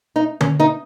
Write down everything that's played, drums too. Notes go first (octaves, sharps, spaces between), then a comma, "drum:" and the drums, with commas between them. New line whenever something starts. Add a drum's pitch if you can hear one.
D#4
C#4, drum: tom D3
D#4